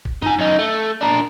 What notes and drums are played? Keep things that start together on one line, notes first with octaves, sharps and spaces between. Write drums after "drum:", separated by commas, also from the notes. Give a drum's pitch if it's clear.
drum: kick G#1
D#4 G#5, drum: tom F#2
F#2 D#4
A3
D4 A#4